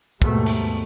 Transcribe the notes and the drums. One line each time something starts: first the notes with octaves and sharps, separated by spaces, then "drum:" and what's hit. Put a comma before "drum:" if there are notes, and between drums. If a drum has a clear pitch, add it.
D#2 G#2 B2 G3 A3, drum: kick
drum: cymbal